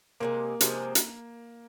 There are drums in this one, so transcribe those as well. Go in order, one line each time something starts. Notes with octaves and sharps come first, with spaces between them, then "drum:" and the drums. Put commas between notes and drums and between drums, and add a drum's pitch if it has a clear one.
C3 F3 G#3 A#3
C3 F3 G#3, drum: hi-hat
drum: hi-hat